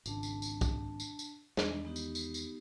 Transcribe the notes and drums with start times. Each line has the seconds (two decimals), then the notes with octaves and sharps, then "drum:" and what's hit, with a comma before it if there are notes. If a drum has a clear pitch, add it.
0.06 G#1 C#2 D4 A5, drum: tambourine
0.23 drum: tambourine
0.42 drum: tambourine
0.61 drum: kick, tambourine
1.00 drum: tambourine
1.19 drum: tambourine
1.57 E2 D#3 G#3 D4, drum: snare
1.85 B3 D#4 G4
1.96 drum: tambourine
2.15 drum: tambourine
2.34 drum: tambourine